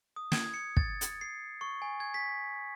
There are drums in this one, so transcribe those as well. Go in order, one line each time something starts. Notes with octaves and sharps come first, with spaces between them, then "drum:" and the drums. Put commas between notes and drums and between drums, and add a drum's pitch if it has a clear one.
D#6
G#6, drum: snare
C#7
A6, drum: kick
drum: hi-hat
C7
C#6
G#5
G#6
B6